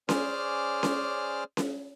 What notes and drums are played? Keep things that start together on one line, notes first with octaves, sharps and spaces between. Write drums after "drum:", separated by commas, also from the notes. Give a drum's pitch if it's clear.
C#4 G#4 C5 D5 D6 F6, drum: snare C#4
drum: snare C#4
drum: snare C#4